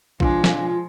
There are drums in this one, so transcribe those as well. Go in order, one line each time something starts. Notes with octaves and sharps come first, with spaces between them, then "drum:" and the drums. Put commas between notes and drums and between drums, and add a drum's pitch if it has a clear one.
B2 F3 G#3 C4 D4 F4, drum: kick A#1
drum: snare